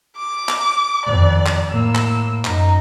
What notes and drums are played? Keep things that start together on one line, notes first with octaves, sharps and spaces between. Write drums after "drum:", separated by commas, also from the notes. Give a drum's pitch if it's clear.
D6
drum: clap
F2 D#3 D5
drum: clap
A2 A#3 E6
drum: clap
F#2 D#4, drum: clap